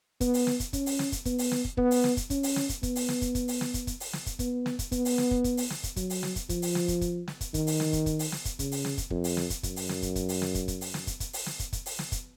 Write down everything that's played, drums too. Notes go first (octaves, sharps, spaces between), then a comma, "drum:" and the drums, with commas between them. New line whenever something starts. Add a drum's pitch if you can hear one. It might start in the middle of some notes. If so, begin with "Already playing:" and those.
B3, drum: kick, hi-hat
drum: open hi-hat
drum: snare
drum: kick, hi-hat
C#4, drum: kick, hi-hat
drum: open hi-hat
drum: snare
drum: kick, hi-hat
B3, drum: kick, hi-hat
drum: open hi-hat
drum: snare
drum: kick
B3, drum: kick
drum: open hi-hat
drum: snare
drum: kick, hi-hat
C#4, drum: kick, hi-hat
drum: open hi-hat
drum: snare
drum: kick, hi-hat
B3, drum: kick, hi-hat
drum: open hi-hat
drum: snare
drum: kick, hi-hat
drum: kick, hi-hat
drum: open hi-hat
drum: snare
drum: kick, hi-hat
drum: kick, hi-hat
drum: open hi-hat
drum: snare
drum: kick, hi-hat
B3, drum: kick, hi-hat
drum: snare
drum: kick, hi-hat
B3, drum: kick, hi-hat
drum: open hi-hat
drum: snare
drum: kick
drum: kick, hi-hat
drum: open hi-hat
drum: snare
drum: kick, hi-hat
F#3, drum: kick, hi-hat
drum: open hi-hat
drum: snare
drum: kick, hi-hat
F3, drum: kick, hi-hat
drum: open hi-hat
drum: snare
drum: kick, hi-hat
drum: kick, hi-hat
drum: snare
drum: kick, hi-hat
D#3, drum: kick, hi-hat
drum: open hi-hat
drum: snare
drum: kick, hi-hat
drum: kick, hi-hat
drum: open hi-hat
drum: snare
drum: kick, hi-hat
C#3, drum: kick, hi-hat
drum: open hi-hat
drum: snare
drum: kick, hi-hat
F2, drum: kick
drum: open hi-hat
drum: snare
drum: kick, hi-hat
F#2, drum: kick, hi-hat
drum: open hi-hat
drum: snare
drum: kick, hi-hat
drum: kick, hi-hat
drum: open hi-hat
drum: snare
drum: kick, hi-hat
drum: kick, hi-hat
drum: open hi-hat
drum: snare
drum: kick, hi-hat
drum: kick, hi-hat
drum: open hi-hat
drum: snare
drum: kick, hi-hat
drum: kick, hi-hat
drum: open hi-hat
drum: snare
drum: kick, hi-hat